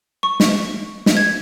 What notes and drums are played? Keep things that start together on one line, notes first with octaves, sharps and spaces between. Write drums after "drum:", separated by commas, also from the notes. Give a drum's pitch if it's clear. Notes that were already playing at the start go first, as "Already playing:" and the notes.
C#6
drum: snare
drum: snare
G#6